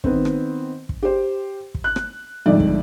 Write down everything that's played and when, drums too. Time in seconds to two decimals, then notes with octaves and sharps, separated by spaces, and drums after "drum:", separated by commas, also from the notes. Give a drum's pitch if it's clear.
0.04 D#3 B3 C4, drum: kick
0.25 drum: rim click
0.89 drum: kick
1.03 G4 C5
1.75 drum: kick
1.84 F#6
1.96 drum: rim click
2.46 G1 F2 G#2 D#4 D5 E5
2.60 drum: kick